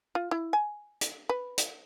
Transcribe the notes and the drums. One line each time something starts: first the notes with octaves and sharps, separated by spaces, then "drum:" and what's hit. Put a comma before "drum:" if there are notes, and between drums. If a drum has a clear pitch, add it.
F4
E4
G#5
drum: hi-hat
B4
drum: hi-hat